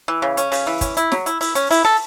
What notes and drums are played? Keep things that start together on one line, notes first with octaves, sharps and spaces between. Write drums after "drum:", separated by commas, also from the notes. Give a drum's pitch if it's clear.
E3
C#3
C#4, drum: hi-hat
C#3, drum: open hi-hat
E3
C#4, drum: kick, hi-hat
E4, drum: hi-hat
F#3, drum: snare
E4, drum: hi-hat
E4, drum: open hi-hat
C#4, drum: hi-hat
E4, drum: open hi-hat
A4